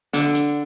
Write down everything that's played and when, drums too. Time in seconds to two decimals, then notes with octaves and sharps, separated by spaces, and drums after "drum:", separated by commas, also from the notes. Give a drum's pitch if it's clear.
0.13 D3, drum: snare
0.35 drum: hi-hat